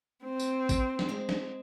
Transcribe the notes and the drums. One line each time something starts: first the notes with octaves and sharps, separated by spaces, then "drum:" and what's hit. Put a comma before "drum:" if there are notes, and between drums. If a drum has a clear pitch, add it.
C4
drum: tambourine
drum: kick, tambourine
drum: snare
G#3 C4
drum: snare